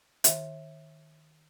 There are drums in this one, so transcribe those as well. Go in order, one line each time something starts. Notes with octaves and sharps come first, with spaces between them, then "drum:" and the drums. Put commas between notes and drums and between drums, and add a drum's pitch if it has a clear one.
D#3 E5, drum: hi-hat